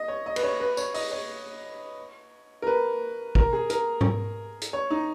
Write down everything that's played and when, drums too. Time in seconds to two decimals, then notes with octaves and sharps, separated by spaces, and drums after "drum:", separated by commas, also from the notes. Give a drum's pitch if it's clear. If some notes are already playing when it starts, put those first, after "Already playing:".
Already playing: D#5
0.08 C#5
0.26 D#5
0.36 B4, drum: cymbal
0.43 C#5
0.60 B4
0.77 C#5, drum: tambourine
0.94 D#5, drum: open hi-hat
1.12 C#5
2.62 A#4
2.67 B4
3.35 A#4, drum: kick
3.53 G#4
3.70 A#4, drum: hi-hat
4.01 drum: tom G#2
4.62 drum: hi-hat
4.73 C#5
4.90 D#4